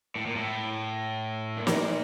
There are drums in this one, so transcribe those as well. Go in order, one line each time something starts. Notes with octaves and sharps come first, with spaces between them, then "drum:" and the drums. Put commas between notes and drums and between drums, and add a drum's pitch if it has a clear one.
A2
A#2
A2
A#2
drum: snare